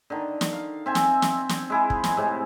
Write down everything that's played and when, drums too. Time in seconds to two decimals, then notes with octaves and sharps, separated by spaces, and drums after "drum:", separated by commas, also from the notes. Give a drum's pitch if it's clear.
0.10 D3 D#3
0.41 drum: snare
0.53 F5
0.86 C4 E5 G#5
0.95 drum: snare
1.22 drum: snare
1.49 drum: snare
1.70 G#3 E4 G#4
1.90 drum: kick
2.04 drum: snare
2.17 A2 C3 G#3